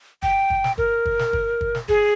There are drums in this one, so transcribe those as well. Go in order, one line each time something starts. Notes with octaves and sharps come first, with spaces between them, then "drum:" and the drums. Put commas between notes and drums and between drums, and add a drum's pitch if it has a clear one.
G5, drum: kick
drum: kick
drum: snare
A#4, drum: kick
drum: kick
drum: snare
drum: kick
drum: kick
drum: snare
G#4, drum: kick